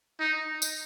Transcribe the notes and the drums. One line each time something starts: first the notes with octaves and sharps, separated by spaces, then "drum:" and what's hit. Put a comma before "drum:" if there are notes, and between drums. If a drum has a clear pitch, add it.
D#4
drum: tambourine